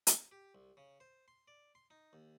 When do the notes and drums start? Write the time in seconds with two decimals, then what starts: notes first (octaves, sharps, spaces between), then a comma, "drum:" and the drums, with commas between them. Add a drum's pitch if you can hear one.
0.07 drum: hi-hat
0.31 G4
0.55 C2
0.77 C#3
1.00 C5
1.28 C6
1.48 D5
1.75 C6
1.90 D#4
2.13 D#2